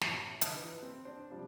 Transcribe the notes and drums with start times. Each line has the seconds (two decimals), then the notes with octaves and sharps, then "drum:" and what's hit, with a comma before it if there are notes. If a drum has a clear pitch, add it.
0.01 A1, drum: snare
0.41 D3 D#5 A5 D#6 F#6, drum: hi-hat
0.57 E3
0.83 C4
1.05 D4 C5
1.30 C3 F3 G3 D4